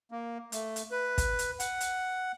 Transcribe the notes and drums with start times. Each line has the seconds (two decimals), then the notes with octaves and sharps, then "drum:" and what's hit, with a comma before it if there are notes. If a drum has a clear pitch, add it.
0.11 A#3
0.52 A3, drum: hi-hat
0.76 drum: hi-hat
0.91 B4
1.18 drum: kick, hi-hat
1.39 drum: hi-hat
1.60 F#5, drum: hi-hat
1.81 drum: hi-hat